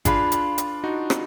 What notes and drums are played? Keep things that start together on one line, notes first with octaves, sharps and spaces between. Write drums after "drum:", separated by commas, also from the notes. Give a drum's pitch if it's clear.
D4 F4 G#4 B4 F5 B5, drum: kick G#1, hi-hat
drum: hi-hat
drum: hi-hat
D#4 F#4
drum: rim click